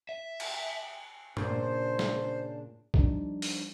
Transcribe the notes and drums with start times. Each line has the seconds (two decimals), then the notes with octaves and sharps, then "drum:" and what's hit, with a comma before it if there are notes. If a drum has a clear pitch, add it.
0.09 E5
0.40 drum: cymbal
1.37 A#2 C#3 D4 C5, drum: tom G2
1.99 drum: snare
2.94 F3 G3 D4 D#4, drum: kick
3.42 drum: open hi-hat